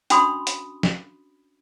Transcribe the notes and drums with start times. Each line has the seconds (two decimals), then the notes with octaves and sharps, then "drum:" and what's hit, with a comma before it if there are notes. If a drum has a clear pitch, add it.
0.10 C#4 D4 F#4 B5 C6 D#6, drum: hi-hat
0.47 drum: hi-hat
0.83 drum: snare